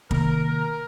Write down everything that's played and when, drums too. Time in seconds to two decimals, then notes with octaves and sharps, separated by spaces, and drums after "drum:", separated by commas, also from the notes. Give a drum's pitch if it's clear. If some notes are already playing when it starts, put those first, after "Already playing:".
0.11 C3 D#3 A#3 A#4, drum: kick